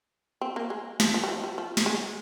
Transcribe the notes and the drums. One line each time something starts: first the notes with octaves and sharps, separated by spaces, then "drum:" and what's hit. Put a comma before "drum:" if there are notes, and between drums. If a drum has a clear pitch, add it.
C4
A#3
G#3
F3, drum: snare
F3
G3
F3
G3
F3
drum: snare
G#3